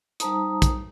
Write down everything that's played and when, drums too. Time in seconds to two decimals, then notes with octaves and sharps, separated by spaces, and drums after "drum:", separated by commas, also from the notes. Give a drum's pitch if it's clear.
0.20 G3 D#4 C5 A5 A#5 D#6, drum: hi-hat
0.62 drum: kick, hi-hat